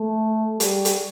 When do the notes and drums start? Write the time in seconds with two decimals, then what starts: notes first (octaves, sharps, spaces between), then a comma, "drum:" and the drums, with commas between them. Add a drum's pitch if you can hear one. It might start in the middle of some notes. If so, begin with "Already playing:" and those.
Already playing: A3
0.60 G3, drum: hi-hat
0.85 drum: hi-hat